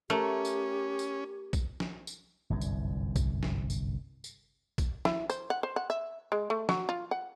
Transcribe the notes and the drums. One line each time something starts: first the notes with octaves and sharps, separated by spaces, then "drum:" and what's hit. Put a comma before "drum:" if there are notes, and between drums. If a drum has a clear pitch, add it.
A3 C#4 G4 A#4 A#5
drum: tambourine
drum: tambourine
drum: kick, tambourine
drum: snare
drum: tambourine
G1 C2 F#2
drum: tambourine
drum: kick, tambourine
drum: snare
drum: tambourine
drum: tambourine
drum: kick, tambourine
E4, drum: snare
C5, drum: tambourine
F#5
C5
F#5
E5
G#3
A3
F#3, drum: snare
F4
F#5